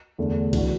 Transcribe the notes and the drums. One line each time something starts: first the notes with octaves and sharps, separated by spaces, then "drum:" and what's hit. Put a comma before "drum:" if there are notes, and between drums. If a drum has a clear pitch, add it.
E2 D3 A3
E3 D4 F#4, drum: kick C2, cymbal